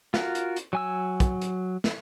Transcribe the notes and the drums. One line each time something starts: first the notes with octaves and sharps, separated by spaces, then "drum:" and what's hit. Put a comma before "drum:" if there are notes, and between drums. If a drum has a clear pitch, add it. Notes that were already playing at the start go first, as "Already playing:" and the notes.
F4 F#4 A#4, drum: snare
drum: hi-hat
drum: hi-hat
F#3 G#5 E6
drum: kick, hi-hat
drum: hi-hat
drum: snare